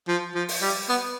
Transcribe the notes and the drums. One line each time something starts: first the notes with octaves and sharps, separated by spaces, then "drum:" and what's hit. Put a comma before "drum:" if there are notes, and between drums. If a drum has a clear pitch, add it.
F3
F3
drum: open hi-hat
G3
B3